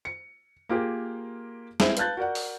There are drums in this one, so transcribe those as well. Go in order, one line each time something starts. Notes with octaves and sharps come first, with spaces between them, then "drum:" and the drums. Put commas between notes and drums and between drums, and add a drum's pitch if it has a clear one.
C#7
A#3 F4 G4 G#4 A#4
G#3 C4 E4 G#4 C5 E5, drum: snare
B4 F5 A5 F#6 G6 A6, drum: hi-hat
F#4 A#4 D5 F#5
drum: open hi-hat